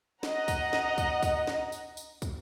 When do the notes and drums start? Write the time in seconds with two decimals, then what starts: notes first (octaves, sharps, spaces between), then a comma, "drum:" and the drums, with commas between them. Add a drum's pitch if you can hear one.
0.23 D#5 F#5 A#5, drum: snare
0.48 drum: kick, tambourine
0.73 drum: snare
0.98 drum: kick, tambourine
1.23 drum: kick, tambourine
1.47 drum: snare
1.72 drum: tambourine
1.97 drum: tambourine
2.22 drum: kick, tambourine